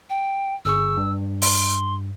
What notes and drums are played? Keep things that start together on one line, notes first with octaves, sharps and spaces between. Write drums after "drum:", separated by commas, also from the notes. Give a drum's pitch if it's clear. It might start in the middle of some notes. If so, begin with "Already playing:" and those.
G5
G1 G#4 C#6 E6
G2
C6, drum: open hi-hat